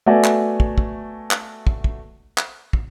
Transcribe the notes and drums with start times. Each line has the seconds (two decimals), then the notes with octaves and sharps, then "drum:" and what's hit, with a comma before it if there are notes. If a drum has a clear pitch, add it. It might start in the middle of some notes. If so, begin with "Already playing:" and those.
0.06 A3 B3 F#4 D5 E5 G#5
0.24 drum: clap
0.60 drum: kick
0.78 drum: kick
1.31 drum: clap
1.67 drum: kick
1.84 drum: kick
2.38 drum: clap
2.73 drum: kick